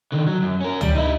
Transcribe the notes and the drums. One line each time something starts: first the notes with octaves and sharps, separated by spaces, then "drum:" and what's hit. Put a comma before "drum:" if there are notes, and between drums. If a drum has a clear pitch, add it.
D3 D#3
F#3
F#2
C#4 A#4
G3, drum: tom C#2
D#4 E4